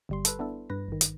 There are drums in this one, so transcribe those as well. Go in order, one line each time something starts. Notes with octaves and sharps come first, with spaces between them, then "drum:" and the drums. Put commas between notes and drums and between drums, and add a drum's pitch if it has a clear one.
G1 G3 C6
A4 B4, drum: hi-hat
B3 D4 E4 A4
G2 B4 A#6
G#1 D#3
drum: hi-hat